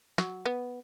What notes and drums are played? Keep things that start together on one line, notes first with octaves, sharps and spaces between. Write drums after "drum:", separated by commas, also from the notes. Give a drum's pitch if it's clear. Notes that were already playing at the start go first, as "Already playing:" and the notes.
F#3, drum: snare
B3